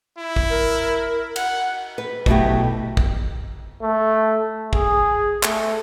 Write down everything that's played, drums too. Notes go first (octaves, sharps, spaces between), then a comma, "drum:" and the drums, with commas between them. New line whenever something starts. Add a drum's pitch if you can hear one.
E4
drum: kick
A#4
F#5, drum: cymbal
B4
B2 F#3 A3 E4 G4, drum: kick
drum: kick
A3
G#4, drum: kick
A3, drum: clap